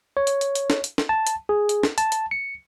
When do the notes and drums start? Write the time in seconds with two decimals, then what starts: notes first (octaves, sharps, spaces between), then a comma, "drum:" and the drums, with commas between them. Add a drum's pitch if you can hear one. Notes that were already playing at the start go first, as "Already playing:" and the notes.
0.17 C#5
0.27 drum: hi-hat
0.41 drum: hi-hat
0.55 drum: hi-hat
0.70 drum: snare
0.84 drum: hi-hat
0.98 drum: snare
1.09 A5
1.27 drum: hi-hat
1.49 G#4
1.69 drum: hi-hat
1.83 drum: snare
1.98 A5, drum: hi-hat
2.12 drum: hi-hat
2.31 C#7